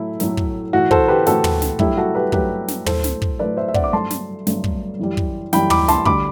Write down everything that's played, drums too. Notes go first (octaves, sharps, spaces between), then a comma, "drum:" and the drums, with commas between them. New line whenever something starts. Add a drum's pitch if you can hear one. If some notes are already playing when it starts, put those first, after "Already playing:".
Already playing: A2 F#3 A3 E4
A2 F#3 A3, drum: snare
drum: kick
A2 E3 A3 F#4
A4 C5, drum: kick
G4 B4
A2 E3 A3 F#4 A4, drum: snare
drum: tom
drum: snare
G2 F#3 A3 E4 G4, drum: kick
F#4 A4
G4 B4
G2 F#3 A3 G4 B4, drum: kick
drum: snare
A2 F#3 A3 A4 C5, drum: tom
drum: snare
drum: kick
A2 F#3 A3 B4 D5
C5 E5
E5
D5 F#5, drum: kick
D6
G2 F#3 A3 A5 C6
drum: snare
G2 F#3 A3, drum: snare
drum: kick
F#2 E3 G3
drum: kick
F#2 E3 G3 G5 B5, drum: snare
B5 D6, drum: tom
A5 C6, drum: snare
D2 D3 G3 B5 D6, drum: kick